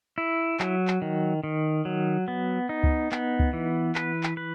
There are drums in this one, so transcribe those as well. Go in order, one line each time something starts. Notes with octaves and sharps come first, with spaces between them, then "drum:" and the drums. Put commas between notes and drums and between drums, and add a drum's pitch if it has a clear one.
E4
F#3, drum: clap
drum: clap
D#3
D#3
F#3
B3
D#4
drum: kick C#2
B3, drum: clap
drum: kick C#2
E3
B4, drum: clap
drum: clap
B4